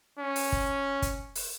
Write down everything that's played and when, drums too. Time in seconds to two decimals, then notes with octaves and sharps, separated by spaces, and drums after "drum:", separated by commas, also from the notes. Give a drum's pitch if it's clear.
0.19 C#4
0.36 drum: open hi-hat
0.52 drum: kick
1.02 drum: kick, hi-hat
1.36 drum: open hi-hat